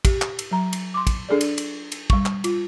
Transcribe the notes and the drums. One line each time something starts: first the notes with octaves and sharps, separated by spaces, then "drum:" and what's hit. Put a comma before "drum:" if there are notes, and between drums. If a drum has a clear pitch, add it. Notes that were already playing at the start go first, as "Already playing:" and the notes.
G4, drum: kick, cymbal
drum: clap
drum: cymbal
F#3 A#5
drum: cymbal
C6 D6
drum: kick, cymbal
D4 G#4 A4 D5
drum: cymbal
drum: cymbal
drum: cymbal
G3 C#6, drum: kick
drum: clap
F4, drum: cymbal